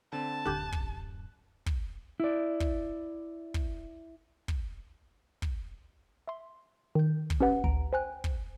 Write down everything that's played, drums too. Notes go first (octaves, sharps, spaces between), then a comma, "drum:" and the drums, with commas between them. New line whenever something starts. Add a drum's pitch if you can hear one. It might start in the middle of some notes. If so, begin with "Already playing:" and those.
D3 C4 A5
D1 F#2 D3 G4 F#6 G6
drum: kick
drum: kick
E4 D5
drum: kick
drum: kick
drum: kick
drum: kick
E5 C6
D#3 G6
drum: kick
C#4 G4 B4 F#5
A1 D2 A#5 D7
C5 G5 G#5 F#6
drum: kick